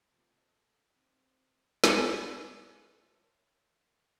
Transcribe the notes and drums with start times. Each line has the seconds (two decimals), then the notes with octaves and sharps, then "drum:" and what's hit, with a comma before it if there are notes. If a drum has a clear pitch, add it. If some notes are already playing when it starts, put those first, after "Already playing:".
0.13 C3 F3 A3 B3
0.35 A4 D#5
0.96 C4 D#4
1.84 drum: snare
2.27 A#4 C5 C#5 E5 A5